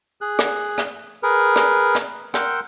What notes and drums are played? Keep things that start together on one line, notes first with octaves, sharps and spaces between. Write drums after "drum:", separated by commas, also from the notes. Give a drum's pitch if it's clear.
G#4 F#6
drum: rim click
drum: rim click
G#4 A#4 B4
drum: rim click
drum: rim click
A#4 F#5 G5 C6 E6, drum: rim click